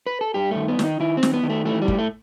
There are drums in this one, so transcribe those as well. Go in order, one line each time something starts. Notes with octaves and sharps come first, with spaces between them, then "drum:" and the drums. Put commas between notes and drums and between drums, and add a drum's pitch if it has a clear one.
B4
A4
G2 G4
A3
D#3
B3
D#3 D#4, drum: snare
D#3 E4
C4
D#3, drum: snare
B3
D#3
A3
E3 A3
G3
A2, drum: kick
A3